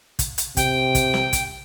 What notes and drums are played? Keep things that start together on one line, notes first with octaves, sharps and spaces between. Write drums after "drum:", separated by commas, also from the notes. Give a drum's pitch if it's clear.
drum: kick, hi-hat
drum: hi-hat
C3 G5, drum: kick, hi-hat
drum: kick, hi-hat
drum: snare
drum: kick, hi-hat